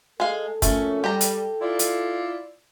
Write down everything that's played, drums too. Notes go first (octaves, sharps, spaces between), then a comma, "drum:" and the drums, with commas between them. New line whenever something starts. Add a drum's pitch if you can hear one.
G#3 A4 F5
F2 A#2 A3 C#4, drum: kick, hi-hat
G3 G4 A#5
drum: hi-hat
E4 F4 D5
drum: hi-hat